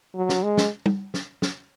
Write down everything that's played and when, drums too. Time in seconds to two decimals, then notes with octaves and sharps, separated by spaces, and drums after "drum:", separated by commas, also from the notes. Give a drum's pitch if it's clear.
0.15 F#3
0.29 drum: snare
0.43 G#3
0.57 drum: snare
0.86 drum: tom G3
1.14 drum: snare
1.42 drum: snare